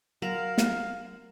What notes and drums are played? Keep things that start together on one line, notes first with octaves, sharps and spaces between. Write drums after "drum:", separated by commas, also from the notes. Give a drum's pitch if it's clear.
F#3 A#4 F5 E7 F#7
drum: snare